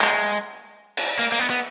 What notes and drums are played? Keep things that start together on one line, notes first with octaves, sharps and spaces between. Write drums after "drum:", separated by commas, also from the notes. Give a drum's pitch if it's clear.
G#3, drum: clap
drum: cymbal
A#3
A#3
B3
B3